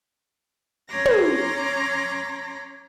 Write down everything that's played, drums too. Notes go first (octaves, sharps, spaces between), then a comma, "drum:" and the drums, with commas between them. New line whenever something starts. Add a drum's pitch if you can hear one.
C#4 C#5 A#5 C6 D6 A#6
drum: tom